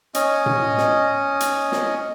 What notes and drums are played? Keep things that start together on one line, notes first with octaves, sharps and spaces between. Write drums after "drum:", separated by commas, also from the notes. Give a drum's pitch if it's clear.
C#4 D#5, drum: hi-hat
drum: tom A2
drum: snare
drum: hi-hat
drum: snare